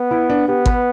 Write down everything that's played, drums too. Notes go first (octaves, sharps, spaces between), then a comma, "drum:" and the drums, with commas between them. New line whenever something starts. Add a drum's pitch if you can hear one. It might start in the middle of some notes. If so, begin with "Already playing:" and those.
Already playing: B3
E4
D4
B3 G4
B4, drum: kick